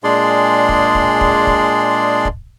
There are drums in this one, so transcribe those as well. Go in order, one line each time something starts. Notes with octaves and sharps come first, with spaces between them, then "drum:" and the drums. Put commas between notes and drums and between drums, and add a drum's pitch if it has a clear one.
A#2 G#3 D4 G#4 D5 C6
drum: kick
drum: kick
drum: kick
drum: kick
drum: kick